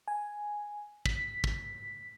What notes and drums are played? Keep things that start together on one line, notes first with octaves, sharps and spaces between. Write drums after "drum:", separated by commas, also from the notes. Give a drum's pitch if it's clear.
G#5
B6, drum: kick
drum: kick